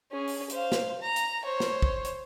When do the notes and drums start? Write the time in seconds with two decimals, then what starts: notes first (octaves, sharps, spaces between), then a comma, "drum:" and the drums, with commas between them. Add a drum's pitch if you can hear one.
0.11 C#4 G#4
0.27 drum: open hi-hat
0.50 C5 F5, drum: hi-hat
0.72 drum: snare
1.02 A#5
1.16 drum: hi-hat
1.44 C5 C#5
1.60 drum: snare
1.82 drum: kick
2.05 drum: hi-hat